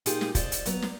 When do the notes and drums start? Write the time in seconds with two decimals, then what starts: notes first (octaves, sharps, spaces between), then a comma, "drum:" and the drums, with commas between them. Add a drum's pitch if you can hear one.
0.06 A#2 D#4 F4 G4 G#4, drum: hi-hat
0.21 drum: snare
0.35 F4 C5 D5 D#5, drum: kick, hi-hat
0.52 drum: hi-hat
0.66 F#3 B3 A#5, drum: hi-hat
0.82 drum: snare